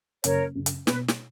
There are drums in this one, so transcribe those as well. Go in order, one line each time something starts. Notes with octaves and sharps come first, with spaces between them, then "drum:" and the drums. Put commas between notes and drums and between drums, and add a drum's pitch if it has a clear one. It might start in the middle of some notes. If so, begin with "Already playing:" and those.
F#1 A#4 C#5, drum: hi-hat
F#2 C#3
drum: hi-hat
B2 B4, drum: snare
drum: snare